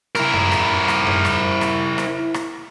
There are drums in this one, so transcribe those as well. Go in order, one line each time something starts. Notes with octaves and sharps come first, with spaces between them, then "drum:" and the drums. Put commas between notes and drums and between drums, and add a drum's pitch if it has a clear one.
E4 A#4, drum: rim click
drum: tom F#2
drum: rim click
drum: rim click
drum: tom F#2
drum: rim click
drum: rim click
drum: rim click
drum: rim click